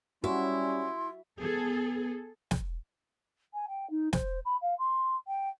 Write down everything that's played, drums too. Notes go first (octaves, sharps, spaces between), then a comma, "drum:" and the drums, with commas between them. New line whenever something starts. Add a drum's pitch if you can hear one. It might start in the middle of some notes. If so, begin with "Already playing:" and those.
G3 C#4 E4 F#4 C6
B3 G#4 A4
drum: snare
G#5
G5
D#4
C5, drum: snare
B5
F5
C6
G5